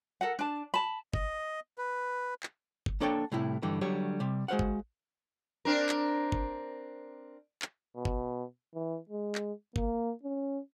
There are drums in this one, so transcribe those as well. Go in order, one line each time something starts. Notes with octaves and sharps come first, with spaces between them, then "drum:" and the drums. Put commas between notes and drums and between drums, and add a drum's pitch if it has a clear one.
A4 A#4 F#5
D4 A5
A5 B5
D#5, drum: kick
B4
drum: clap
drum: kick
A#3 D4 A4 C#5 G5 A5
A2 C3 G3 E4
G2 D3 E3 G3
D3 F#3 G3 G4 C#5
C3 G3
G#3 F#4 C5 F5 F#5
drum: kick
C4 D4 A#4
drum: clap
drum: kick
drum: clap
B2
drum: kick
E3
G#3
drum: clap
A#3, drum: kick
C#4